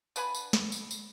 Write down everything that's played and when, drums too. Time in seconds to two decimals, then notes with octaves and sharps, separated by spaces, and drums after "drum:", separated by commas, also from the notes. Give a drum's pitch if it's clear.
0.16 D3 B4 G#5 B5, drum: tambourine
0.35 drum: tambourine
0.53 drum: snare
0.72 drum: tambourine
0.91 drum: tambourine